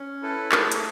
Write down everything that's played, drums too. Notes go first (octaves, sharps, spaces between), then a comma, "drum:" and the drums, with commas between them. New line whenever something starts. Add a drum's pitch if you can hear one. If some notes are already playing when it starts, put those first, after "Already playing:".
Already playing: C#4
E4 A4 B4
A3 G#4 A#4, drum: clap
drum: hi-hat